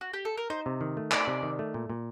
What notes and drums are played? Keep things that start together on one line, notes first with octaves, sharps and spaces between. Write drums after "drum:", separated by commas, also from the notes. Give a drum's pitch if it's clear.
F#4
G4
A4
A#4
D#4 C5
C3
D#3
A3
D#4 D5, drum: clap
C3
D#3
A3
A#2
A#2